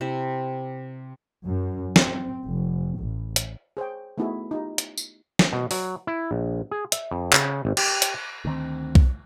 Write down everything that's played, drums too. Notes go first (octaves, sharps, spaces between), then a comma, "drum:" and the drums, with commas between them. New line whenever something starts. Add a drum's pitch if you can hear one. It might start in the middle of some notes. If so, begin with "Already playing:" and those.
C3 E4 C5
F#2
C4, drum: snare
F1
A1
drum: hi-hat
G#4 C5 C#5 G5
A3 B3 D#4 E4 F#4 G#4
D#4 F4 G4
drum: hi-hat
drum: tambourine
drum: snare
B2
F#3, drum: open hi-hat
E4
A#1
G#4
E5, drum: hi-hat
F2
C#3, drum: clap
G#1
G4, drum: cymbal
drum: hi-hat
D2 D#3 C4
drum: kick B1